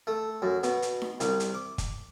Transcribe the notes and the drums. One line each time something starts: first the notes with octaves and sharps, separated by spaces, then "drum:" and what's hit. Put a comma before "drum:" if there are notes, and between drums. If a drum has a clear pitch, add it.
A3
F#2
B2, drum: hi-hat
drum: hi-hat
drum: snare D#4
C2, drum: hi-hat
drum: hi-hat
D6
drum: kick, hi-hat